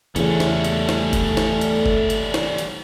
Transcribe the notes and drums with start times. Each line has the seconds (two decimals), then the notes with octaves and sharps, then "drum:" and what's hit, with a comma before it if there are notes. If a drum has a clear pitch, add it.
0.16 E2 C#3 G3 A3 C#4, drum: hi-hat
0.40 drum: snare
0.64 drum: hi-hat
0.89 drum: snare
1.13 drum: kick F1, hi-hat
1.37 drum: snare
1.61 drum: hi-hat
1.86 drum: kick F1
2.10 drum: hi-hat
2.34 drum: snare
2.58 drum: hi-hat